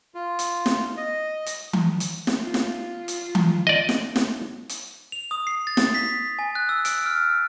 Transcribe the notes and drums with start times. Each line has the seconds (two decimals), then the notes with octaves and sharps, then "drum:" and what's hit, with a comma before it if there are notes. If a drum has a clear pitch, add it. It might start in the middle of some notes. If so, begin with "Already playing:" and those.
0.15 F4
0.39 drum: hi-hat
0.66 drum: snare
0.97 D#5
1.46 drum: hi-hat
1.73 drum: tom E3
2.00 drum: hi-hat
2.27 drum: snare
2.42 F4
2.54 drum: snare
3.08 drum: hi-hat
3.35 drum: tom E3
3.67 D5 D#5
3.89 drum: snare
4.16 drum: snare
4.69 drum: hi-hat
5.12 F7
5.31 D#6
5.47 C7
5.67 A6
5.77 drum: snare
5.95 B6
6.39 G#5
6.55 F#6
6.69 E6
6.85 D7, drum: hi-hat
7.06 F6